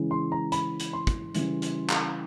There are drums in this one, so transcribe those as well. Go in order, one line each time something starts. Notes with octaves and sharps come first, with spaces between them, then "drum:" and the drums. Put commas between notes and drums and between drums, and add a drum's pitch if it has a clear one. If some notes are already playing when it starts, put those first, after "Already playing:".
Already playing: C#3 E3 G#3
C6
A#5
B5, drum: hi-hat
drum: hi-hat
C6
drum: kick, hi-hat
C#3 E3 G3, drum: hi-hat
drum: hi-hat
drum: clap